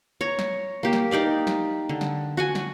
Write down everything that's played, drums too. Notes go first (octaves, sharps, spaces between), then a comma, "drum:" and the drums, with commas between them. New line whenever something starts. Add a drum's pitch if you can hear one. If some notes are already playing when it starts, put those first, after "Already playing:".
C#5 A#5
drum: snare
A#3 G4
drum: snare
D#4 G4 D5 F5
drum: snare
D3
drum: snare
F#4 F#5 G#5
drum: snare